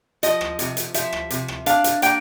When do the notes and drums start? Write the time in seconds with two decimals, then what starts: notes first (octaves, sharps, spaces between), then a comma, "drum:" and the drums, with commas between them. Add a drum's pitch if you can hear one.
0.23 F3 D#5, drum: hi-hat
0.41 drum: rim click
0.59 C3, drum: hi-hat
0.77 drum: hi-hat
0.94 F3 E5, drum: hi-hat
1.12 drum: rim click
1.30 C3, drum: hi-hat
1.48 drum: rim click
1.66 D4 F5, drum: hi-hat
1.84 drum: hi-hat
2.02 A#3 G5, drum: hi-hat